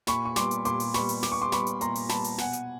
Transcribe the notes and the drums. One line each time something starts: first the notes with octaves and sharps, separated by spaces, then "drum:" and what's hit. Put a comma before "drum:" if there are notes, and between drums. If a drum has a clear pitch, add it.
A#2 B5 C#6, drum: snare
C#6
G3 B3 C6 D6, drum: snare
drum: hi-hat
A#2 C6 D6, drum: hi-hat
drum: open hi-hat
G3 B3 B5 C#6, drum: snare
drum: open hi-hat
A#2 D6, drum: snare
C#6
C6 D6
G3 B3 B5 C#6, drum: snare
drum: hi-hat
A#2 A#5 C6, drum: hi-hat
drum: open hi-hat
G3 B3 A5 B5, drum: snare
drum: open hi-hat
B2 F#5 G#5, drum: snare
drum: hi-hat